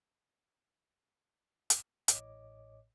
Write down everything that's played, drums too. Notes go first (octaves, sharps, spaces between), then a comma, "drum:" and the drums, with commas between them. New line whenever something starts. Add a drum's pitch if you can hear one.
drum: hi-hat
A1 A2 C#5 D#5 D6, drum: hi-hat